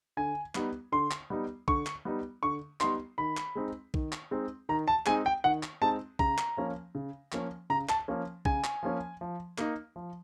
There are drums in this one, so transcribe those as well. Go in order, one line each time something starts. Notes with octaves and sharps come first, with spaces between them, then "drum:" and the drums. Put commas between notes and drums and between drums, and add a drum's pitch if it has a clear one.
D3 G#5
G3 B3 D#4, drum: clap
D3 C6
drum: clap
G3 B3 D#4
D3 C#6, drum: kick B1
drum: clap
G3 B3 D#4
D3 C#6
G3 B3 D#4 C6, drum: clap
D#3 B5
drum: clap
G#3 C4 D#4
D#3, drum: kick B1
drum: clap
G#3 C4 D#4
D#3 A#5
A5
G#3 C4 D#4 G#5, drum: clap
G5
D#3 F#5
drum: clap
G#3 C4 D#4 A5
C#3 A#5, drum: kick B1
drum: clap
F3 A#3 C#4
C#3
F3 A#3 C#4, drum: clap
C#3 A#5
A5, drum: clap
F3 A#3 C#4
C#3 G#5, drum: kick B1
drum: clap
F3 A#3 C#4
F3
A#3 D#4, drum: clap
F3